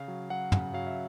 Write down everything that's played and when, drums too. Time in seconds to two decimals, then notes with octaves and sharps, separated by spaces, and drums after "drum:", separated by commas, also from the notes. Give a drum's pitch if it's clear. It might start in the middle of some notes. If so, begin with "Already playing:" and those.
Already playing: C#3 F5
0.08 F#3
0.30 F#3 F#5
0.52 C#3, drum: tom
0.74 F#3 F5
0.87 E5